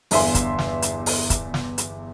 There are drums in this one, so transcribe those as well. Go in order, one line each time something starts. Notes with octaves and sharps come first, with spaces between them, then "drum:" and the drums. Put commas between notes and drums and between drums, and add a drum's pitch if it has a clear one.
G1 E2 E5 G#5 C6, drum: open hi-hat
drum: kick, hi-hat
drum: snare
drum: hi-hat
drum: open hi-hat
drum: kick, hi-hat
drum: snare
drum: hi-hat